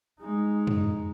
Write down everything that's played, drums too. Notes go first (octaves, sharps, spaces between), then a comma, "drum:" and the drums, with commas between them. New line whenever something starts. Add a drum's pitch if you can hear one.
G#3 D#4
drum: tom